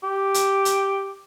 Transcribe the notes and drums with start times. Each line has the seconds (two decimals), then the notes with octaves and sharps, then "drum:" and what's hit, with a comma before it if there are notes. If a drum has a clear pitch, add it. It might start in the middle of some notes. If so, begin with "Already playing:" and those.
0.04 G4
0.34 drum: hi-hat
0.65 drum: hi-hat